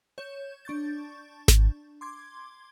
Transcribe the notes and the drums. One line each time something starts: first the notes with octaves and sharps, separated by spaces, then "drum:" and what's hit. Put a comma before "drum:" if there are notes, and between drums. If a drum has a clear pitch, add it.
C#5 G6 E7
D4 C#6 G6 A6
drum: snare G#1
C6 D6 G#6